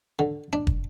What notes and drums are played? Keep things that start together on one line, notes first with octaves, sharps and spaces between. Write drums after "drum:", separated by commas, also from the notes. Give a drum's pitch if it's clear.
D3
D4
drum: kick